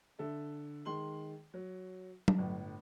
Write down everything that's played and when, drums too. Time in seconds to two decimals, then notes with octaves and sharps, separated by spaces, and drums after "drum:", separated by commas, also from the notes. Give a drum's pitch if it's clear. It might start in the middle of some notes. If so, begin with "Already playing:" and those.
0.19 D3 A4 E5
0.85 D#3 G#3 C6 F#7
1.54 F#3
2.28 drum: tom F#3
2.38 G1 A2